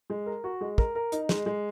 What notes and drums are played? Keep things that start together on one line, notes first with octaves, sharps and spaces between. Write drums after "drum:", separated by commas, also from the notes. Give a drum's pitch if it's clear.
G#3
A#4
F#4
G#3
A#4, drum: kick
A#4
D#4, drum: hi-hat
G#3, drum: snare
G#3